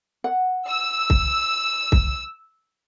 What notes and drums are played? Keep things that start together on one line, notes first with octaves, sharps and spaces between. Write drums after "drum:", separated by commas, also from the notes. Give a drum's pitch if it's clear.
F#5
E6
drum: kick C2
drum: kick C2